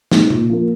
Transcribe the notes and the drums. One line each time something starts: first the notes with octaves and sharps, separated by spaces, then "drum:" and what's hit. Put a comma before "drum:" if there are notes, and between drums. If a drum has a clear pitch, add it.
G#3 C4 D#4, drum: snare
A#2, drum: tom C3
F3 A#3